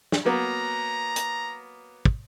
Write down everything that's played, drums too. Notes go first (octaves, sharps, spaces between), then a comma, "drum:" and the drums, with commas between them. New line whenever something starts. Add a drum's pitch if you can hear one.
drum: snare
F#3 A#3 B3 A#5
drum: hi-hat
drum: kick